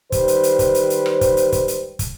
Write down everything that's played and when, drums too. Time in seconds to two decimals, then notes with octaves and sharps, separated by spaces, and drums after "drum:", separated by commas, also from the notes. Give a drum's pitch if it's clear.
0.12 D#3 G3 B4 C5, drum: kick, hi-hat
0.28 drum: hi-hat
0.43 drum: hi-hat
0.59 drum: kick, hi-hat
0.75 drum: hi-hat
0.90 drum: hi-hat
1.06 drum: rim click
1.21 drum: kick, hi-hat
1.37 drum: hi-hat
1.52 drum: kick, hi-hat
1.68 drum: hi-hat
1.99 drum: kick, hi-hat